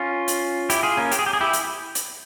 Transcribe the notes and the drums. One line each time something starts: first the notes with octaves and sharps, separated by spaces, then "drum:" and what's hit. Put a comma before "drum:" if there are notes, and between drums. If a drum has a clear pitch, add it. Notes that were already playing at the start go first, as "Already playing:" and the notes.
Already playing: C#4 F4
drum: hi-hat
E4 G4, drum: hi-hat
F4 G#4
A#3 C#4
G4, drum: hi-hat
G#4
G4
G#4
E4 G4
drum: hi-hat
drum: hi-hat